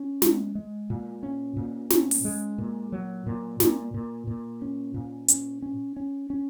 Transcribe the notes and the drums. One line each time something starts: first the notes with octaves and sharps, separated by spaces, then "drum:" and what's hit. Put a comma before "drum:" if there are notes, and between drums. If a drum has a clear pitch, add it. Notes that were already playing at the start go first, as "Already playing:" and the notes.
Already playing: C#4
G#3, drum: snare
G#3
A#2
C#4
A#2
C#4, drum: snare
drum: open hi-hat
G#3
A#2
F#3
A#2
A#2, drum: snare
A#2
A#2
C#4
A#2
C#4, drum: hi-hat
C#4
C#4
C#4